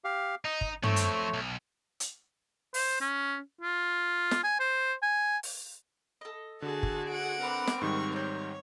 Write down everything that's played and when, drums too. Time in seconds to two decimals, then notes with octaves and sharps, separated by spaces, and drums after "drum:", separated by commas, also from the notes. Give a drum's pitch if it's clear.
0.04 G4 F5
0.45 D#4 D#5
0.61 drum: kick
0.83 F3 A3 C4 C#5, drum: tom
0.96 drum: hi-hat
1.34 B1
2.00 drum: hi-hat
2.74 C5, drum: open hi-hat
3.01 C#4
3.61 F4
4.31 drum: snare
4.44 G#5
4.60 C5
5.03 G#5
5.43 drum: open hi-hat
6.21 A4 D#5
6.62 D3 F#4 G#4 A5
6.83 drum: kick
7.09 F#5 D7
7.41 C4 D4 A#4 B4 D6
7.67 drum: snare
7.82 G#2 D#3 G3 C#6
8.16 C#5 G6